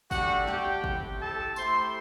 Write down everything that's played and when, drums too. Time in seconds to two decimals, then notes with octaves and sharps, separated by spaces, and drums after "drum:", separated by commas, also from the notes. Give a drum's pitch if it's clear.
0.11 A3 D4 F#4 G4 F#5, drum: kick, tambourine
0.47 G4 G5, drum: snare
0.84 C4 E4 G4, drum: kick
1.21 A4 A5
1.56 A3 E4 G4 C5 C6, drum: tambourine